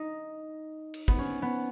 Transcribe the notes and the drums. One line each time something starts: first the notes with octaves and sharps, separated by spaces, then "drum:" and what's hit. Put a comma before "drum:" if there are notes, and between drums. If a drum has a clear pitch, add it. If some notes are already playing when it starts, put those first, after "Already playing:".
Already playing: D#4
drum: cymbal
B3, drum: kick
C#4
B3